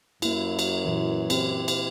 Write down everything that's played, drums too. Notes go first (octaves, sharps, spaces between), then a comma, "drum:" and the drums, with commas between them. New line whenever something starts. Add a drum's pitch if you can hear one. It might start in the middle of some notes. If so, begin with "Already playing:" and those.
F#2 A#3 E4, drum: cymbal
drum: cymbal
A#2 E3
C4 G4, drum: cymbal
drum: cymbal